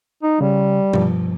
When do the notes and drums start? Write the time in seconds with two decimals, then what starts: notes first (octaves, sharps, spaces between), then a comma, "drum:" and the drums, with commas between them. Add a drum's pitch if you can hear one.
0.23 D#4
0.41 C#3 G3
0.93 G2 F3, drum: tom B2